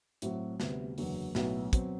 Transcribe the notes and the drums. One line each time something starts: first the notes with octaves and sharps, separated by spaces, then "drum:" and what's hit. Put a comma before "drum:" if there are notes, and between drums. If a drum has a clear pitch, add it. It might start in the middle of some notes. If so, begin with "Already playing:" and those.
A2 F#3 C4 F#4, drum: hi-hat
D2 C3 G3 B3, drum: snare
F#1 E2 D3 F#3, drum: open hi-hat
B1 A2 F#3 B3, drum: snare
B2 F#3 C4, drum: kick, hi-hat